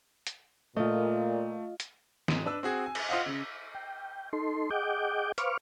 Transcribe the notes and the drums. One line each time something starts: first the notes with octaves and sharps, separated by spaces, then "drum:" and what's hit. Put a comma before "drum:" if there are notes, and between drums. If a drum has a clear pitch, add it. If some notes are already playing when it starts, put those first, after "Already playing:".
drum: hi-hat
A#2 A3 F4 D#5
drum: hi-hat
G#2 D#7, drum: snare
D4 B4 E6
C4 F#4 G#4
G#5
drum: cymbal
F4 C5 D#5 F5 F#5
C#3
G5
D#4 A4 C6
G#4 D#5 F#5 G5 D6 G6
B4 C5 F5 C#6 D6 F6, drum: hi-hat